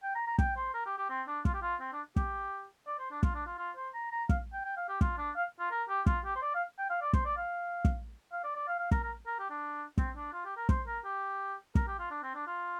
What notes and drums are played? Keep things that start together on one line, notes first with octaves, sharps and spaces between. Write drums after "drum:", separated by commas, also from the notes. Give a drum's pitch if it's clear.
G5
A#5
A#5
G5, drum: kick
C5
A#4
G4
G4
C4
D4
F4, drum: kick
G4
F4
C4
D4
G4, drum: kick
D5
C5
D4
F4, drum: kick
D4
F4
F4
C5
A#5
A#5
F5, drum: kick
G5
G5
F5
G4
F4, drum: kick
D4
F5
F4
A#4
G4
F4, drum: kick
G4
C5
D5
F5
G5
F5
D5
C5, drum: kick
D5
F5
drum: kick
F5
D5
D5
F5
F5
A#4, drum: kick
A#4
A#4
G4
D4
C4, drum: kick
D4
F4
G4
A#4
C5, drum: kick
A#4
G4
A#4, drum: kick
G4
F4
D4
C4
D4
F4